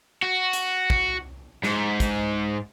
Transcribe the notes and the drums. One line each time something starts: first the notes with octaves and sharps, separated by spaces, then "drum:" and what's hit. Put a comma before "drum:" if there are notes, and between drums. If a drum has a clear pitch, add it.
F#4
drum: hi-hat
drum: kick
G#2, drum: snare
drum: kick, hi-hat